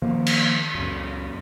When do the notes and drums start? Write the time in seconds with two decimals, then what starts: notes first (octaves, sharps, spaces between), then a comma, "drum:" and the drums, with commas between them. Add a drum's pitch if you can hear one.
0.02 D#3 F3 A#3
0.26 drum: cymbal
0.75 C#2 F#2